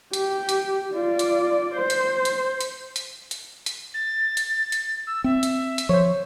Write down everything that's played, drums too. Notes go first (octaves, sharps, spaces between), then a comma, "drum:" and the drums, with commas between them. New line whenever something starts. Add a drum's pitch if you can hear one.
G4, drum: hi-hat
drum: hi-hat
F4 D5
drum: hi-hat
C5
drum: hi-hat
drum: hi-hat
drum: hi-hat
drum: hi-hat
drum: hi-hat
drum: hi-hat
A6
drum: hi-hat
drum: hi-hat
E6
C4 E5
drum: hi-hat
drum: hi-hat
F3 C5 C#5